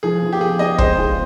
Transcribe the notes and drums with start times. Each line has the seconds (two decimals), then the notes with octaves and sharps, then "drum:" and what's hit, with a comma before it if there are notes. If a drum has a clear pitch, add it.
0.03 F3 G#4
0.22 B3 F4
0.32 G4
0.41 F3 G#4
0.59 B3 F4 D#5
0.78 G#3 C5, drum: kick
0.97 B3 F4 G#4